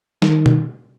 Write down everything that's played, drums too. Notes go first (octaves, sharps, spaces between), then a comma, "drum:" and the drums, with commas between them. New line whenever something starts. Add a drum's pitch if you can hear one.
D#3, drum: snare
drum: tom B2